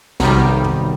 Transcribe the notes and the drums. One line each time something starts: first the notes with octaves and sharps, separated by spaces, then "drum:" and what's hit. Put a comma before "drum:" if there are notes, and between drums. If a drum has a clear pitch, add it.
B1 C3 D#3 G3, drum: snare
drum: tom